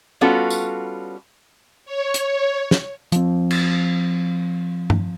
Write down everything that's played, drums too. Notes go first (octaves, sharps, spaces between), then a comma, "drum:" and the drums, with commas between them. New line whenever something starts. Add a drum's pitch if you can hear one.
G3 B3 C#4 F4 F#4 A4
drum: tambourine
C#5
drum: hi-hat
drum: snare
F3 C4, drum: hi-hat
drum: cymbal
drum: tom